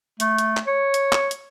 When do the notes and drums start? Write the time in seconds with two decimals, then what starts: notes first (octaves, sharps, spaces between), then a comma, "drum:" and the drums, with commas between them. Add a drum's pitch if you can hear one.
0.20 A3, drum: hi-hat
0.38 drum: hi-hat
0.57 drum: clap
0.67 C#5
0.94 drum: hi-hat
1.13 drum: clap
1.31 drum: hi-hat